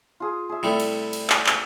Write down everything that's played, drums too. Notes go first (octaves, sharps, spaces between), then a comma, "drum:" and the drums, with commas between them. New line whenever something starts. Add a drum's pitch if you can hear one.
F4 G#4
G#4 E5
C3 G3 A3 E4 E6
drum: cymbal
drum: cymbal
drum: clap
drum: clap